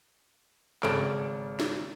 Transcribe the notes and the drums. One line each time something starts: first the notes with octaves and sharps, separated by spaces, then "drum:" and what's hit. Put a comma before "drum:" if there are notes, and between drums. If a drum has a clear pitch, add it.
G#1 C#3 A4 F6 D7, drum: clap
drum: snare